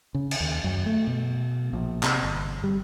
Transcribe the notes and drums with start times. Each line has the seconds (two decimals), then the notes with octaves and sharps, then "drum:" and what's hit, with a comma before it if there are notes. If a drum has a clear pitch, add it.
0.15 C#3
0.31 drum: cymbal
0.40 D#2
0.64 F#2
0.86 A3
1.07 B2
1.73 A#1
2.03 C3, drum: clap
2.23 G1
2.64 G3